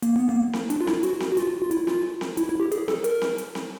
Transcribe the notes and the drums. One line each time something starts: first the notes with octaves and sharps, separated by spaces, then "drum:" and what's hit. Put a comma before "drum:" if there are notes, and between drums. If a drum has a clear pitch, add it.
A#3, drum: hi-hat
B3
A#3
drum: snare C4
D4, drum: hi-hat
F4
E4, drum: snare C4
F#4, drum: hi-hat
drum: snare C4
F#4
F4, drum: hi-hat
F4
E4, drum: hi-hat
F4, drum: snare C4
drum: snare C4
E4, drum: hi-hat
E4
G4
G#4, drum: hi-hat
A4, drum: snare C4
A#4, drum: hi-hat
drum: snare C4
drum: hi-hat
drum: snare C4